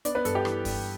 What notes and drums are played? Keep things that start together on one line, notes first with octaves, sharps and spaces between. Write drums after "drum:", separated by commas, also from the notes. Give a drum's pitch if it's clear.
B3 D4 D5, drum: hi-hat
B3 B4
G2 A4, drum: hi-hat
G4
E3, drum: rim click
G2, drum: kick, open hi-hat